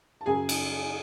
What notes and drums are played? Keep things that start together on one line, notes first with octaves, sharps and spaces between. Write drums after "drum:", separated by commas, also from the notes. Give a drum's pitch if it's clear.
A5
F#2 C#3 F#3 G#4 G#5
drum: cymbal